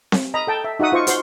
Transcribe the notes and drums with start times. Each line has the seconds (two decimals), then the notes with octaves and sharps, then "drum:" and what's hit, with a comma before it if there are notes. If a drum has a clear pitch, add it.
0.12 drum: snare C4
0.34 D#5 A#5 B5
0.47 A4 G5 A5
0.64 E5
0.80 D#4 F#4 E5 F#5 D#6
0.92 F4 C5 D#5 C#6
1.07 F#4 C5 C6, drum: hi-hat